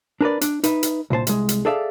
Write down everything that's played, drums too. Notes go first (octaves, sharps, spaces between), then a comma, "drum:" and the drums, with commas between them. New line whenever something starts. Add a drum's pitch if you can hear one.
D4 A#4 B4 D5
D4, drum: hi-hat
D#4 B4 E5, drum: hi-hat
drum: hi-hat
C2 A#2 C5 A5
C2 G#3, drum: hi-hat
drum: hi-hat
G#4 A4 D5 E5 F5